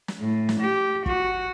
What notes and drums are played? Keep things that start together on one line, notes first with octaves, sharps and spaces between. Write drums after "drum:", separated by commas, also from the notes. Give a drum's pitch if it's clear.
drum: snare
A2
drum: snare
G4
F#4, drum: kick